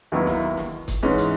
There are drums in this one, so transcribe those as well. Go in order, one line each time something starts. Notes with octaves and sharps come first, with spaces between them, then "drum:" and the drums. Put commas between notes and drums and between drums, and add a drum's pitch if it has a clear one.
D#2 D#3 F#3 B3 E4
drum: snare
drum: snare
drum: kick, hi-hat
G#2 E3 G#3 C#4
drum: hi-hat